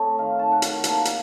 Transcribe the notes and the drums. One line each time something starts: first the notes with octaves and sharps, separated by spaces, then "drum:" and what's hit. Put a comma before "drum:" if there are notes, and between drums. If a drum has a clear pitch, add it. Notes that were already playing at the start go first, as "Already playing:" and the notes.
Already playing: A3 C4 C#5 D#5
D#3 F5
A5
D#3 F#5
drum: hi-hat
F#5
A#3 A5, drum: hi-hat
drum: hi-hat